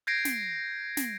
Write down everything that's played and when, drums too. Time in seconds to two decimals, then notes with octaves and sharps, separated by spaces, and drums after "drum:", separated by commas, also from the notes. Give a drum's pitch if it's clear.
0.07 G6 G#6 A#6 C7 D7
0.25 drum: snare
0.97 drum: snare